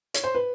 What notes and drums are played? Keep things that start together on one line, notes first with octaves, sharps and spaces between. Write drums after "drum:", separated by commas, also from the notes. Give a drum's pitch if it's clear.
C#5, drum: hi-hat
C5
B4